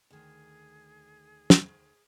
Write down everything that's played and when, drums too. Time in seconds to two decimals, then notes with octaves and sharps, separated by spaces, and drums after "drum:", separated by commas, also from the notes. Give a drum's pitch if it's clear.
0.11 D2 D#3 G#4
1.50 drum: snare